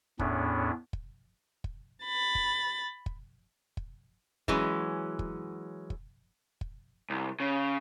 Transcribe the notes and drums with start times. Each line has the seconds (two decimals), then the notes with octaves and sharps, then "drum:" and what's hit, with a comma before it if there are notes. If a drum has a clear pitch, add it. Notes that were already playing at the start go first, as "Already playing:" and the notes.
0.19 E2 A2 B3 C#4 D4, drum: kick
0.93 drum: kick
1.64 drum: kick
2.05 B5 A6
2.35 drum: kick
3.06 drum: kick
3.77 drum: kick
4.48 E3 F#3 G#3 C#4, drum: kick
5.19 drum: kick
5.90 drum: kick
6.61 drum: kick
7.10 C2
7.40 C#3